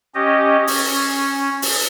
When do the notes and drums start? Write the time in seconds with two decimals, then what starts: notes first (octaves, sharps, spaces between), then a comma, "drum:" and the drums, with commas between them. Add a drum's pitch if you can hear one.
0.15 C#4 G4 D#5
0.67 C#4, drum: open hi-hat
1.62 drum: open hi-hat